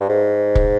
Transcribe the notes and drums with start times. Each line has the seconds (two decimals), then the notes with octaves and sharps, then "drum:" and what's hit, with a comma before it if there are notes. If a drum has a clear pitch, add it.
0.01 G2
0.09 G#2
0.55 drum: kick